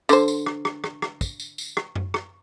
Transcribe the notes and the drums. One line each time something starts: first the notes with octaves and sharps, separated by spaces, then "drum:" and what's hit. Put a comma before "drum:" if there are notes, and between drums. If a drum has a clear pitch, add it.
D3 C5, drum: tambourine
drum: tambourine
drum: rim click
drum: rim click
drum: rim click
drum: rim click
drum: kick, tambourine
drum: tambourine
drum: tambourine
drum: rim click
drum: tom F#2
drum: rim click